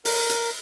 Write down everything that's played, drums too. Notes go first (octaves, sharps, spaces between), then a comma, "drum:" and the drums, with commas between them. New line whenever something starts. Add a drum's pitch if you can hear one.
A#4, drum: open hi-hat
drum: hi-hat